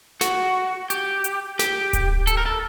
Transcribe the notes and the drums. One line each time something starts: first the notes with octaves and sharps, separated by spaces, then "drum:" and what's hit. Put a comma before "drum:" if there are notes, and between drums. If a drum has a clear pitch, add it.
F#4, drum: snare
G4, drum: hi-hat
drum: hi-hat
G4, drum: snare
drum: kick D1, hi-hat
A4, drum: hi-hat
A#4
A4